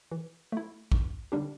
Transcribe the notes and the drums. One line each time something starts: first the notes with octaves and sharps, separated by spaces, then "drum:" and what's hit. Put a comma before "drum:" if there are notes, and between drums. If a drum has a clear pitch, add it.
E3
A3 E4
G2, drum: kick
D3 G3 D4 G4